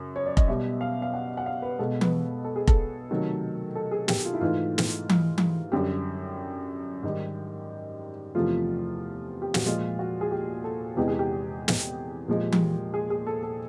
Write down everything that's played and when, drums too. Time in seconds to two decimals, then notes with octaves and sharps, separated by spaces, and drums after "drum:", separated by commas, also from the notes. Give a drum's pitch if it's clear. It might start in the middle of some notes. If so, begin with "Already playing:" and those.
Already playing: F#2 C#3
0.16 C#5
0.26 D5
0.37 D#5, drum: kick F1
0.48 B2 G3 E5
0.81 F5
1.02 F5
1.13 F#5
1.37 F#5
1.46 F5
1.62 B4
1.79 B2 G#3 A4
2.01 B4, drum: tom E3
2.44 A4
2.56 G#4
2.67 A4, drum: kick F1
3.10 C3 D#3 F#3 A3
3.75 A4
3.91 G#4
4.08 G4, drum: snare
4.25 F4
4.34 E4
4.41 G#2 E3 A3 F4
4.78 drum: snare
5.09 drum: tom E3
5.38 drum: tom E3
5.72 F#2 D3 G3 G4
7.03 G#2 D#3 G3
8.35 E2 C3 F3 A3 F4
9.42 G4
9.54 F#4, drum: snare
9.66 A#2 F3 G#3 F4
9.99 F#4
10.21 G#4
10.31 G4
10.64 A4
10.97 E2 C3 E3 G#3 G4
11.08 G#4
11.19 G4
11.68 drum: snare
12.28 A#2 F3 G#3
12.52 drum: tom E3
12.94 G#4
13.10 G#4
13.27 A4
13.43 A4